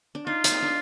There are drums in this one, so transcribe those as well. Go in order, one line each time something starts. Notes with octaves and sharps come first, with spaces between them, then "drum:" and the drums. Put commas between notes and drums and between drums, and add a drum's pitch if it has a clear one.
D4
D#4 F4
D#4, drum: hi-hat
D4